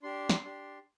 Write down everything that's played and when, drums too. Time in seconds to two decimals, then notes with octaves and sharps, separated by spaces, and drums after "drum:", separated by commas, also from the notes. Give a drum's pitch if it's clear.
0.03 D4 G4 C6
0.29 drum: snare
0.44 D4 G4